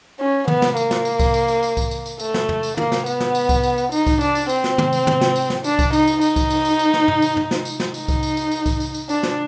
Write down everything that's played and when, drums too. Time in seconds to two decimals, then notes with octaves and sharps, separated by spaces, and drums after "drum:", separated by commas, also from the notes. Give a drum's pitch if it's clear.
0.19 C#4
0.48 B3, drum: tom
0.62 drum: snare
0.77 A#3, drum: tambourine
0.91 drum: snare
1.05 drum: tambourine
1.20 drum: kick C2, tambourine
1.34 drum: tambourine
1.48 drum: tambourine
1.63 drum: tambourine
1.77 drum: kick C2, tambourine
1.91 drum: tambourine
2.06 drum: tambourine
2.20 A3, drum: tambourine
2.34 drum: snare
2.49 drum: tom
2.63 drum: tambourine
2.77 A#3, drum: tom
2.92 drum: snare
3.06 B3, drum: tambourine
3.20 drum: snare
3.35 drum: tambourine
3.49 drum: kick C2, tambourine
3.63 drum: tambourine
3.78 drum: tambourine
3.92 D#4, drum: tambourine
4.07 drum: kick C2, tambourine
4.21 D4, drum: tambourine
4.35 drum: tambourine
4.49 C4, drum: tambourine
4.64 drum: snare
4.78 drum: tom
4.93 drum: tambourine
5.07 drum: tom
5.21 drum: snare
5.36 drum: tambourine
5.50 drum: snare
5.64 D4, drum: tambourine
5.79 drum: kick C2, tambourine
5.93 D#4, drum: tambourine
6.07 drum: tambourine
6.21 D#4, drum: tambourine
6.36 drum: kick C2, tambourine
6.51 drum: tambourine
6.65 drum: tambourine
6.79 drum: tambourine
6.94 drum: snare
7.08 drum: tom
7.22 drum: tambourine
7.37 drum: tom
7.51 drum: snare
7.65 drum: tambourine
7.80 drum: snare
7.94 D#4, drum: tambourine
8.08 drum: kick C2, tambourine
8.23 drum: tambourine
8.37 drum: tambourine
8.51 drum: tambourine
8.66 drum: kick C2, tambourine
8.80 drum: tambourine
8.94 drum: tambourine
9.09 D4, drum: tambourine
9.23 drum: snare